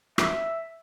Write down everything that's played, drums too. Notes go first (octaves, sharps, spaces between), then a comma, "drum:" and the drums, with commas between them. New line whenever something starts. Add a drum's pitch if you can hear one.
E5, drum: rim click